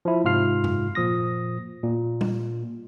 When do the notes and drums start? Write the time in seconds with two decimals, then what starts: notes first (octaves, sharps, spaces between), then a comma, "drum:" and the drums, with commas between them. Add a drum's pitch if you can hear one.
0.05 F3 E4
0.24 G#2 C3 F4 F6 C7
0.64 drum: tom F#2
0.95 A#2 F3 D#6 A#6
1.83 A#2
2.21 drum: tom G3